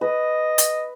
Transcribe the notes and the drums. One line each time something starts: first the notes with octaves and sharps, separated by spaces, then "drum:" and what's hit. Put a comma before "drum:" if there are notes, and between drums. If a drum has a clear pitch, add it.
B4 D#5
drum: hi-hat